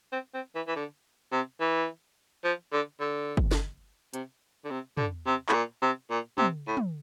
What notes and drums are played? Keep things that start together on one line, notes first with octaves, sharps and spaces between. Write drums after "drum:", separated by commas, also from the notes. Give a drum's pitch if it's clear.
C4
C4
E3
E3
D3
C3
E3
F3
D3
D3
drum: kick G1
drum: snare
C3, drum: hi-hat
D3
C3
D3, drum: tom
C3
A2, drum: clap
A#2
C3
A#2
C3, drum: tom
A2
drum: tom